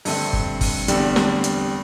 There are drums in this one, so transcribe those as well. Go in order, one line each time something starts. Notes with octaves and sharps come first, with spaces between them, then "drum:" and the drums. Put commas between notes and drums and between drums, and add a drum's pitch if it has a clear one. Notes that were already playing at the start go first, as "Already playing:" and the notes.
G2 D3 A3 C4, drum: open hi-hat
drum: kick G1
drum: kick G1, open hi-hat
E2 D3 G3 C4, drum: hi-hat
drum: snare
drum: hi-hat